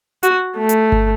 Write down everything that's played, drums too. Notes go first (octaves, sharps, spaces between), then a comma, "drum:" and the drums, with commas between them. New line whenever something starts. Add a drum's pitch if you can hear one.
F#4, drum: hi-hat
A3
drum: hi-hat
drum: kick G1